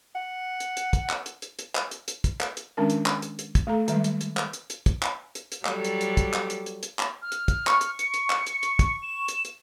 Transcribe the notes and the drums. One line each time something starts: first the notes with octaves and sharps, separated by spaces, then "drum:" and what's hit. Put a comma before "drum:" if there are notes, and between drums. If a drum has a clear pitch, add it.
F#5
drum: hi-hat
drum: hi-hat
drum: kick, hi-hat
drum: clap
drum: hi-hat
drum: hi-hat
drum: hi-hat
drum: clap
drum: hi-hat
drum: hi-hat
drum: kick, hi-hat
drum: clap
drum: hi-hat
D#3 G#3 C#4 D4 A#4
drum: hi-hat
drum: clap
drum: hi-hat
drum: hi-hat
drum: kick, hi-hat
A3 A4 A#5
D#3 G3 G#3 E5, drum: hi-hat
drum: hi-hat
drum: hi-hat
drum: clap
drum: hi-hat
drum: hi-hat
drum: kick, hi-hat
drum: clap
drum: hi-hat
drum: hi-hat
F#3 G3 A4, drum: clap
drum: hi-hat
drum: hi-hat
drum: kick, hi-hat
drum: clap
drum: hi-hat
drum: hi-hat
drum: hi-hat
drum: clap
F6
drum: hi-hat
drum: kick, hi-hat
C#6, drum: clap
drum: hi-hat
C#7, drum: hi-hat
drum: hi-hat
drum: clap
drum: hi-hat
drum: hi-hat
drum: kick, hi-hat
E7
drum: hi-hat
drum: hi-hat